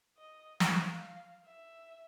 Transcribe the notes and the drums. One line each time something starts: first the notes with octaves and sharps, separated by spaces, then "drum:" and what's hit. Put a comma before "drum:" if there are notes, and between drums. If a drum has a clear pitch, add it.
D#5
F5, drum: snare
E5